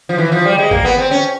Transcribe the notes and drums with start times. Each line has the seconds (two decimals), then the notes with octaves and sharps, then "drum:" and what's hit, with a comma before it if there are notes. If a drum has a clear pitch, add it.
0.09 F3
0.18 E3
0.32 F3
0.45 G3
0.58 G#3
0.71 A#3, drum: kick G#1
0.85 B3
0.98 C4
1.11 C#4